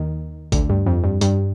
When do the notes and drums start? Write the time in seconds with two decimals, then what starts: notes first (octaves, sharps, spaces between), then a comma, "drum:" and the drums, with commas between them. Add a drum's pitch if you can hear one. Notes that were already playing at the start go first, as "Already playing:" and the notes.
Already playing: D#2 D#3
0.52 D2 D3, drum: kick G#1, hi-hat
0.70 G2
0.86 F2
1.04 G2
1.21 G2, drum: hi-hat